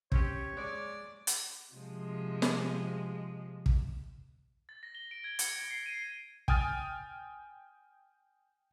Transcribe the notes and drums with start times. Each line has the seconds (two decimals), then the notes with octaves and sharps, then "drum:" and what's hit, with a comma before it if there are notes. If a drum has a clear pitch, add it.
0.12 C4 C#4 G4 C#5, drum: kick
0.57 G#3 D5
1.27 drum: hi-hat
1.73 C3 F3 G#3
2.42 drum: snare
3.66 drum: kick
4.69 A6
4.83 A#6
4.95 G7
5.11 D7
5.24 G#6
5.39 C#7, drum: hi-hat
5.56 G#6
5.70 C7
5.86 D#7
6.48 G5 G#5 D#6 F6 A6, drum: kick